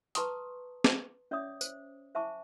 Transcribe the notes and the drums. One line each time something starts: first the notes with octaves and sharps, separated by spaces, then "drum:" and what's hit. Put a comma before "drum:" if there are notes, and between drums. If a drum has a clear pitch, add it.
B4 A5 A#5 C6 C#6 D#6, drum: hi-hat
drum: snare
C#4 C#5 D5 E5 D6 D#6
C5, drum: tambourine
C5 E5 G#5 A5 C#6 D6